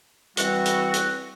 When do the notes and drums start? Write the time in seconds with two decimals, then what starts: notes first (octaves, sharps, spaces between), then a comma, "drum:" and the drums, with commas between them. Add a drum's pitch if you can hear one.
0.37 E3 G3 C4 F#4, drum: hi-hat
0.65 drum: hi-hat
0.94 drum: hi-hat